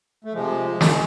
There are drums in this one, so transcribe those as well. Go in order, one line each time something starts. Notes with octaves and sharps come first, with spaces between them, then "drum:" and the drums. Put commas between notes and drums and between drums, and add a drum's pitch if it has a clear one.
A3
C3 F3 G#3
drum: snare